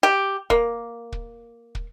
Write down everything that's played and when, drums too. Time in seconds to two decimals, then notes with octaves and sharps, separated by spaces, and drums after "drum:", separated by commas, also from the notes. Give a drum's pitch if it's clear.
0.03 G4
0.50 A#3, drum: kick
1.12 drum: kick
1.75 drum: kick